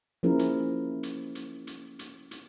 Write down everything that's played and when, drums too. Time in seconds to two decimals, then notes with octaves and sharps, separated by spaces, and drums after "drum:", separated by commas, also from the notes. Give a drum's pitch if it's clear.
0.23 F3 A#3 C#4 E4 G#4 A#4
0.39 drum: hi-hat
1.03 drum: hi-hat
1.35 drum: hi-hat
1.67 drum: hi-hat
1.99 drum: hi-hat
2.31 drum: hi-hat